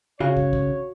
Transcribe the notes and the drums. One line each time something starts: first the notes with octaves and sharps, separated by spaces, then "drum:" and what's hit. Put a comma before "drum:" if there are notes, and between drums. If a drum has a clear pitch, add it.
C#3 F#4 C#5 F5
drum: kick
drum: kick